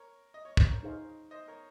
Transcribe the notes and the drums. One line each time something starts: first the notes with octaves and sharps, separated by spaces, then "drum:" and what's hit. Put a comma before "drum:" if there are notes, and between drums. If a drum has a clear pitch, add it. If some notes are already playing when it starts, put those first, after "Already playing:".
Already playing: A#4 C#5
D#5
C#5
C5, drum: kick
A#4 C#5
D#4 G#4 C5 F5
C5 D#5
A#4 C#5